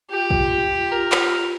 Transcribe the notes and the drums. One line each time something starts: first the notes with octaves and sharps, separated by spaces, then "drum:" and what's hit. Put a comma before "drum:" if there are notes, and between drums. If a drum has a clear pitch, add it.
F4 G4
drum: kick
A#4
drum: clap